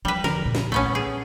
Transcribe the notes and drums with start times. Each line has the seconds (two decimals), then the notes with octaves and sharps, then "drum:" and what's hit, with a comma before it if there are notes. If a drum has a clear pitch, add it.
0.05 F3 G3 B4
0.24 F2 D3 A#4, drum: snare
0.45 A#2
0.55 drum: snare
0.72 A3 B3 C#4, drum: kick
0.95 G#4